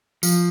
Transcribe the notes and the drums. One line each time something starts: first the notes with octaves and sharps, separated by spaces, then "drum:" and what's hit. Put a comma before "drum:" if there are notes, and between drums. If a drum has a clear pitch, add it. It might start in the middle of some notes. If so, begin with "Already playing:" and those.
F3, drum: tambourine